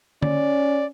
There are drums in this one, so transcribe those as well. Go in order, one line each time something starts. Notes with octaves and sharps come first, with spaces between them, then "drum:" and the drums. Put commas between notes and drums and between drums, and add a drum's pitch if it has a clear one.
C#4 D5, drum: tom D3